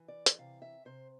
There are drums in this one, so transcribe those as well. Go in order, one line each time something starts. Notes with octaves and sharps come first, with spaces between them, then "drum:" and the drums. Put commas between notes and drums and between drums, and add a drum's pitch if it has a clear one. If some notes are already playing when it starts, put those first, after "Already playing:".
Already playing: E3
D5
drum: hi-hat
C3 F5
E5
C3 C5